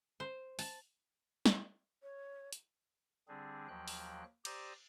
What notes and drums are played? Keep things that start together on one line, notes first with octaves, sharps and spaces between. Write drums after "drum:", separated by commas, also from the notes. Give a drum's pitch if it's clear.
C5
A5, drum: open hi-hat
drum: snare
C#5
drum: hi-hat
D3 G3 C4 D4 G#4
D#2 F3 F#3 G5 F#6
drum: open hi-hat
G4 C5 D5 A#5 D#6 E6, drum: cymbal